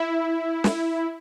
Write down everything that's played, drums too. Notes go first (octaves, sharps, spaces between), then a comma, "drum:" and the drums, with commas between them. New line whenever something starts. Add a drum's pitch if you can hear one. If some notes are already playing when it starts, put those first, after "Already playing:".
Already playing: E4
drum: snare